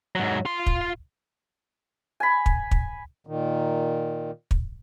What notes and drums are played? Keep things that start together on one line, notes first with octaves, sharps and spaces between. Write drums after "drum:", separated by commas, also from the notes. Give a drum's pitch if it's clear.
G#2 F#3
F4 C6
drum: kick
G#5 B5
drum: kick
drum: kick
A#2 D#3
drum: kick